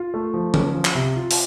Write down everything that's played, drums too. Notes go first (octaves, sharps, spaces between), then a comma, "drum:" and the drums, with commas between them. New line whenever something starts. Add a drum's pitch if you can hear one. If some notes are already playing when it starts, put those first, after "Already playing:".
Already playing: F4
A3
F3
C#4, drum: tom D3
F3
drum: clap
C3
F4
drum: open hi-hat